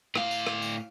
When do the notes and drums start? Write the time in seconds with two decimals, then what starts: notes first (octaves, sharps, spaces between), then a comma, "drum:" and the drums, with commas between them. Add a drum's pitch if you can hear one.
0.15 A2 F5, drum: rim click
0.31 drum: tambourine
0.47 drum: rim click
0.62 drum: tambourine